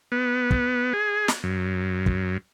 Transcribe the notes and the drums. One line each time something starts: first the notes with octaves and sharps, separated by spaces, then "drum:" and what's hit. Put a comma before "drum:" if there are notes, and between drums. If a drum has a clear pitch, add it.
B3
drum: kick
G#4
drum: snare
F#2
drum: kick